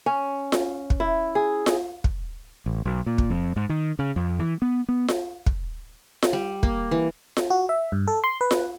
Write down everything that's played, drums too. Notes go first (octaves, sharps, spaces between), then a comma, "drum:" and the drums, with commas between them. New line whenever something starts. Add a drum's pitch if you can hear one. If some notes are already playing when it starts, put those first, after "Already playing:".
C#4
drum: snare F4
drum: kick
E4
G#4
drum: snare F4
drum: kick
A1
B1
A#2
drum: kick
F2
G#2
D#3
C#3
F2
E3
B3
B3
drum: snare F4
drum: kick
drum: snare F4
G3
A#3, drum: kick
E3
drum: snare F4
F#4
E5
G2
A4
C6
B4
drum: snare F4